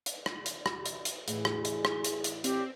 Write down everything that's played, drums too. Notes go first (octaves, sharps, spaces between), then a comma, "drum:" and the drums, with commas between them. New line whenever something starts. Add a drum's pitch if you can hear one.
drum: hi-hat
drum: rim click
drum: hi-hat
drum: rim click
drum: hi-hat
drum: hi-hat
A2 E3 G#4, drum: hi-hat
drum: rim click
drum: hi-hat
drum: rim click
drum: hi-hat
drum: hi-hat
C4 G4, drum: hi-hat